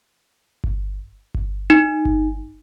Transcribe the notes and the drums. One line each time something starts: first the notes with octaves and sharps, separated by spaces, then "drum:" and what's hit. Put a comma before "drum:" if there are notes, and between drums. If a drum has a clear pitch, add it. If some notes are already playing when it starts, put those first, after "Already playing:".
drum: kick G1
drum: kick G1
D#4
drum: kick G1